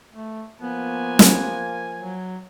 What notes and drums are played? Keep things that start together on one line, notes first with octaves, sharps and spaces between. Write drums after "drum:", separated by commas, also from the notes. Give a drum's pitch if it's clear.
A3
F3 A#3 B3 G#5
drum: snare
F#3